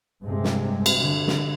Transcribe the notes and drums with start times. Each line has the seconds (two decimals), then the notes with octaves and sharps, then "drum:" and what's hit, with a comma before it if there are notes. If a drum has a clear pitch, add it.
0.23 G2 C3 G#3
0.44 drum: snare
0.86 drum: cymbal
0.98 D3
1.27 drum: snare